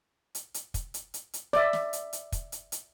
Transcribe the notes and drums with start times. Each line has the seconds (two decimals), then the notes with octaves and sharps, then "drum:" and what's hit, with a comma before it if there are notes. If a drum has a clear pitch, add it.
0.35 drum: hi-hat
0.54 drum: hi-hat
0.74 drum: kick, hi-hat
0.94 drum: hi-hat
1.14 drum: hi-hat
1.34 drum: hi-hat
1.53 D5 E5, drum: snare
1.73 drum: snare
1.93 drum: hi-hat
2.13 drum: hi-hat
2.32 drum: kick, hi-hat
2.52 drum: hi-hat
2.72 drum: hi-hat